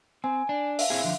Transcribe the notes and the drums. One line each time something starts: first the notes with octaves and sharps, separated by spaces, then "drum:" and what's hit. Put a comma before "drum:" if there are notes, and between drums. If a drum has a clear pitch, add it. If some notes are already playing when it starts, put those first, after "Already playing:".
C4 G#5
D4
E5 F5, drum: open hi-hat
C4 E4 G#4
D3 F3